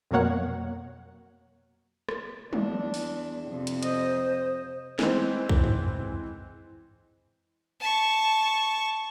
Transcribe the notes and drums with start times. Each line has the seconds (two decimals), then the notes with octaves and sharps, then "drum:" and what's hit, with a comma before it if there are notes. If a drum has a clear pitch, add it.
0.11 F2 B2 F#3 A#3 C#5 F#5
2.09 drum: rim click
2.53 E2 D4, drum: tom
2.94 drum: open hi-hat
3.48 F2 C3
3.67 drum: hi-hat
3.83 C5 D#5, drum: hi-hat
4.99 E3 G#3 C4 C5, drum: snare
5.49 drum: kick B1
5.64 drum: tom
7.80 A5 C#6